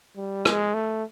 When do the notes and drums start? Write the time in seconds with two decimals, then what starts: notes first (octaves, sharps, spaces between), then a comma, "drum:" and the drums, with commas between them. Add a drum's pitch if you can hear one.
0.17 G3
0.45 G#3, drum: rim click
0.74 A3